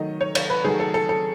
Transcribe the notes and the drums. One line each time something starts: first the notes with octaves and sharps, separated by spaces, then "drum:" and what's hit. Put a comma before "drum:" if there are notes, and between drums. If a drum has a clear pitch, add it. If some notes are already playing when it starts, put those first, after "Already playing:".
Already playing: D#3 F#3 A3 D#5
C#5
C#5, drum: cymbal
B4
D#3 F#3 A3 G#4
A4
A4
A4